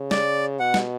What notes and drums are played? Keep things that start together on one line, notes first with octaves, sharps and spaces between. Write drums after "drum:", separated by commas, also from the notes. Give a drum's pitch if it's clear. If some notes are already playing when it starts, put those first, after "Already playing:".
Already playing: C#3
D5, drum: snare
B2 F#5
drum: snare